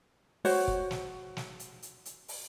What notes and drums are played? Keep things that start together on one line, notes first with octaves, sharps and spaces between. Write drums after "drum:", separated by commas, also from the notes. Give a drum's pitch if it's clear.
F#4 C5 C#5, drum: open hi-hat
drum: kick
drum: snare
drum: snare
drum: hi-hat
drum: hi-hat
drum: hi-hat
drum: open hi-hat